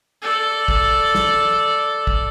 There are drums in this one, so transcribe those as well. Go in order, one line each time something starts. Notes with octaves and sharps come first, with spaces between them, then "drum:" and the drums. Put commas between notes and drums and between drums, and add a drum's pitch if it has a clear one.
A4 D5
drum: kick
drum: snare
drum: kick